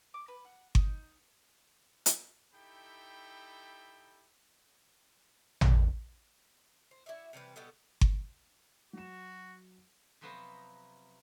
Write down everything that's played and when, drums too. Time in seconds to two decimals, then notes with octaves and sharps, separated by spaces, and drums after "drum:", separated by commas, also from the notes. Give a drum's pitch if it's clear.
0.14 D6
0.28 B4
0.45 F#5
0.75 D#4, drum: kick G1
2.06 drum: hi-hat
2.53 D#4 E4 G4 A4 G5 B5
5.61 drum: tom
6.91 C5
7.06 E4 F#4 D5 E5
7.33 C3 E3 G3 B4
7.56 B2 G3 B3 A4
8.01 drum: kick G1
8.93 F#3 F#4 E7
10.21 C3 F3 F#3 B3 C5 D#5